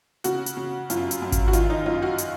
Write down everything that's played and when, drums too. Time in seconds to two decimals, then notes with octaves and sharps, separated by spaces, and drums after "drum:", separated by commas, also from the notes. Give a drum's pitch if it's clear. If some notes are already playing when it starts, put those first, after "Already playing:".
0.24 C#3 F#4, drum: hi-hat
0.46 drum: hi-hat
0.57 C#3
0.90 F#2 F4, drum: hi-hat
1.11 drum: hi-hat
1.22 F#2
1.32 drum: kick G#1, hi-hat
1.48 F#4
1.53 D#3 F4, drum: hi-hat
1.70 D#4
1.86 F#2 F4
2.02 F#4
2.18 drum: hi-hat